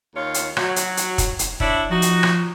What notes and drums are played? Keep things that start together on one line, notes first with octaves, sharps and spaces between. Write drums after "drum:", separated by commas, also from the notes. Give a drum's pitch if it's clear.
D#2 F4 C#5
drum: hi-hat
F#3, drum: rim click
drum: hi-hat
drum: hi-hat
drum: kick, hi-hat
drum: hi-hat
D4 E4 C#5, drum: kick
F3 D#4 F#4
drum: hi-hat
drum: rim click